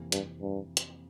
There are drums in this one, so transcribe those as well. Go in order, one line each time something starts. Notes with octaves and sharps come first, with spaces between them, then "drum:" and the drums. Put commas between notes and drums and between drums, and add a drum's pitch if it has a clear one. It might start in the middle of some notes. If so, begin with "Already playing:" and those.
Already playing: F2 C3 E3 A#3
G2, drum: hi-hat
G2
drum: hi-hat